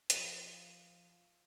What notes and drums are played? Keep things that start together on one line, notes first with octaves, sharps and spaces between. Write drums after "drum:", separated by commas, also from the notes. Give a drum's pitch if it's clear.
F3, drum: hi-hat